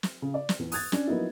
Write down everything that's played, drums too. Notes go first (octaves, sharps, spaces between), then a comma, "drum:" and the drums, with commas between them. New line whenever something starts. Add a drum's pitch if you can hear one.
drum: snare
C#3
D5
drum: snare
E2
D#6 F#6 G#6 A6, drum: open hi-hat
C#4 D4, drum: snare
F3 F#3 A#3 B3 D#4 E4